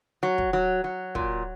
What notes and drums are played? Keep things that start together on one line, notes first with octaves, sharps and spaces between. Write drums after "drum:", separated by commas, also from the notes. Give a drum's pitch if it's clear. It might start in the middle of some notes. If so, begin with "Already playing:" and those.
F#3
drum: kick
F#3
F#3
A#2, drum: kick